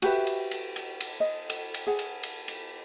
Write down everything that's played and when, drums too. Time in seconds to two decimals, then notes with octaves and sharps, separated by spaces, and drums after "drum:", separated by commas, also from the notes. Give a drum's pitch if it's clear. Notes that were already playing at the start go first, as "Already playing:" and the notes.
0.02 F#4 G4 B4 E5, drum: cymbal
0.27 drum: cymbal
0.51 drum: cymbal
0.76 drum: cymbal
1.00 drum: cymbal
1.20 D#5
1.50 drum: cymbal
1.74 drum: cymbal
1.87 G#4 F#5
1.99 drum: cymbal
2.23 drum: cymbal
2.48 drum: cymbal